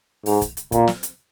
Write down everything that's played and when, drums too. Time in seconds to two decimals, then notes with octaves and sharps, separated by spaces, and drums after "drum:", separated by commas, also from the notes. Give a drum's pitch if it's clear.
0.26 G#2, drum: open hi-hat
0.41 drum: kick, hi-hat
0.57 drum: hi-hat
0.72 A#2, drum: kick, hi-hat
0.87 drum: snare
1.03 drum: hi-hat